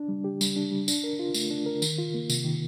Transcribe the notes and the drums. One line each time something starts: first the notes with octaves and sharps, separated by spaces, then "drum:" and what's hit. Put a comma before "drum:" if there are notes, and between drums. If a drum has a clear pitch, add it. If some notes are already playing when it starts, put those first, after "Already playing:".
Already playing: D4
G3
G4
G3, drum: tambourine
D4
G3
D4, drum: tambourine
A#4
F4
A3, drum: tambourine
D4
A#4
D#3, drum: tambourine
F4
A#3
C3, drum: tambourine
D#3